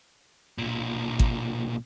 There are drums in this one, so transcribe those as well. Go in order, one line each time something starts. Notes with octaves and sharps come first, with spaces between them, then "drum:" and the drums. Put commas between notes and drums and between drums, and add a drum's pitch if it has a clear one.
B1 A#2
drum: kick